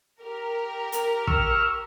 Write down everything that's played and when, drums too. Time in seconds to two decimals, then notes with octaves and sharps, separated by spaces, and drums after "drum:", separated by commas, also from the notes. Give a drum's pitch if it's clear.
0.23 G4 A#4
0.92 drum: hi-hat
1.27 C#6 E6 F6, drum: kick